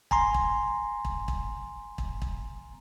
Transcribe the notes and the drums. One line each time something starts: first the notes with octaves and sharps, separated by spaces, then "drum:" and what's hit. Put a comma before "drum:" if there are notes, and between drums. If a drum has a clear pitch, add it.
G#5 A#5 C6, drum: kick
drum: kick
drum: kick
drum: kick
drum: kick
drum: kick